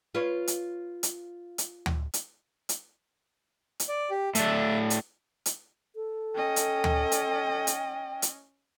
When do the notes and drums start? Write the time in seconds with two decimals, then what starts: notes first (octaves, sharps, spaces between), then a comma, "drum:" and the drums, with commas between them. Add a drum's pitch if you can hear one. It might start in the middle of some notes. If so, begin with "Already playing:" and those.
0.15 F4 B4 C#5
0.48 drum: hi-hat
1.03 drum: hi-hat
1.58 drum: hi-hat
1.86 drum: tom D2
2.14 drum: hi-hat
2.69 drum: hi-hat
3.80 drum: hi-hat
3.89 D5
4.11 G4
4.35 A2 D4 E5, drum: hi-hat
4.90 drum: hi-hat
5.46 drum: hi-hat
5.96 A4
6.35 C#4 D#5 G5
6.56 drum: hi-hat
6.84 drum: tom D2
7.12 drum: hi-hat
7.67 drum: hi-hat
8.22 drum: hi-hat